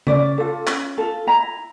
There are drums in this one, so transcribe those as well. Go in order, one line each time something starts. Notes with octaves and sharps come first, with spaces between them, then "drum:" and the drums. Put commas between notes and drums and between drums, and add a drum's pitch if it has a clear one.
C#4 D5, drum: tom C#3
F4 A4
C#4, drum: clap
F4 A4
E4 A#5